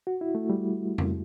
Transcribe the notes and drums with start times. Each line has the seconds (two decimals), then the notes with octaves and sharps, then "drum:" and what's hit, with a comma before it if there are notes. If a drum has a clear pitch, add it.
0.07 F#4
0.21 E4
0.35 A3
0.50 G3
0.98 drum: tom F2